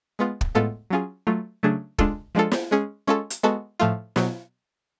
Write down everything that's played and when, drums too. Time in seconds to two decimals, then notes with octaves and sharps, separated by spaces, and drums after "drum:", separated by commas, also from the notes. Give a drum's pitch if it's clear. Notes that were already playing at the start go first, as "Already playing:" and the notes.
0.19 G#3 B3 F4
0.41 drum: kick
0.55 A2 G#3 B3 F4 A4
0.90 F#3 C#4 F4 G#4
1.27 F#3 A3 F4
1.63 C#3 F#3 A3 D4 G#4
1.98 G#3 D4 F4 A4, drum: kick
2.35 F3 G#3 D4 F4 A4
2.52 drum: snare
2.71 G#3 C#4 G#4
3.07 G#3 C#4 F4 A4
3.30 drum: hi-hat
3.43 G#3 B3 F#4 A4
3.80 A2 F3 A3 F4
4.16 B2 F#3, drum: snare